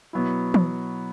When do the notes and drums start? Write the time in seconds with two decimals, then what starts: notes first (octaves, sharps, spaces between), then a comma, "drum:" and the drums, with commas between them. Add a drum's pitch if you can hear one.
0.13 B2 F#3 B3 E4
0.54 drum: tom E3